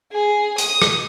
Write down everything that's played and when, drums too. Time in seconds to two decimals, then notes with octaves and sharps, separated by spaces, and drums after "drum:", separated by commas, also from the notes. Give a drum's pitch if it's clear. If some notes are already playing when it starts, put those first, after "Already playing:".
0.12 G#4
0.58 D#6, drum: hi-hat
0.82 drum: rim click